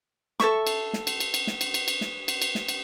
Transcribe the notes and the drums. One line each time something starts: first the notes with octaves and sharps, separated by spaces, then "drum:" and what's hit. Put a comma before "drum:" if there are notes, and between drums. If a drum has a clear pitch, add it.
A4 C#5 E5 C#6, drum: snare
drum: cymbal
drum: snare
drum: cymbal
drum: cymbal
drum: cymbal
drum: snare
drum: cymbal
drum: cymbal
drum: cymbal
drum: snare
drum: cymbal
drum: cymbal
drum: snare
drum: cymbal